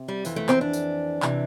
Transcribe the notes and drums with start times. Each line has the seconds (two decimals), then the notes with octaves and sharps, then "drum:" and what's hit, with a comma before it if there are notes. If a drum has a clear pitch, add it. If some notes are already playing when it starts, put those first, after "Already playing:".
Already playing: C3
0.08 G3
0.25 F2 E3, drum: tambourine
0.36 A3
0.49 C4, drum: clap
0.61 D4
0.73 drum: tambourine
1.22 C3 E3, drum: clap